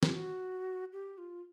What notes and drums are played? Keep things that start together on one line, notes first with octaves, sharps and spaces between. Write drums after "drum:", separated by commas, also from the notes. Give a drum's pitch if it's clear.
G4, drum: snare
F#4
G4
F4